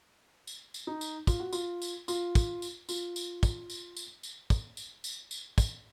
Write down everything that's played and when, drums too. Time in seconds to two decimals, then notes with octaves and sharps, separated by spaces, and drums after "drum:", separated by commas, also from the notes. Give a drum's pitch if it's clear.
0.47 drum: tambourine
0.74 drum: tambourine
0.87 D#4
1.01 drum: tambourine
1.27 F4, drum: kick, tambourine
1.40 F#4
1.53 F4, drum: tambourine
1.82 drum: tambourine
2.08 F4, drum: tambourine
2.35 drum: kick, tambourine
2.62 drum: tambourine
2.89 F4, drum: tambourine
3.16 drum: tambourine
3.43 drum: kick, tambourine
3.70 drum: tambourine
3.97 drum: tambourine
4.23 drum: tambourine
4.50 drum: kick, tambourine
4.77 drum: tambourine
5.04 drum: tambourine
5.31 drum: tambourine
5.58 drum: kick, tambourine